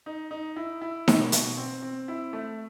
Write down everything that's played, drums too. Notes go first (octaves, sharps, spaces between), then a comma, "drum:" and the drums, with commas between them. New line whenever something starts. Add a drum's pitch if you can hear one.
D#4
D#4
E4
E4
B2, drum: snare D#4
B2, drum: hi-hat
C4
C4
E4
A3